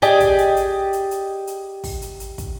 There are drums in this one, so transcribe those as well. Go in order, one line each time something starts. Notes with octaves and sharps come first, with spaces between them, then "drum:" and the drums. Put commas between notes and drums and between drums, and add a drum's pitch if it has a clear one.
G4 G#4 D5 D#5 G#5, drum: hi-hat
drum: kick, hi-hat
drum: hi-hat
drum: hi-hat
drum: hi-hat
drum: hi-hat
drum: hi-hat
drum: kick, open hi-hat
drum: hi-hat
drum: hi-hat
drum: kick, hi-hat